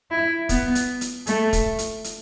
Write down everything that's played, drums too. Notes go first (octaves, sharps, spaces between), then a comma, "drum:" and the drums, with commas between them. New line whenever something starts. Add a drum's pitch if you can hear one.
E4
B3, drum: kick, hi-hat
drum: hi-hat
drum: hi-hat
A3, drum: hi-hat
drum: kick, hi-hat
drum: hi-hat
drum: hi-hat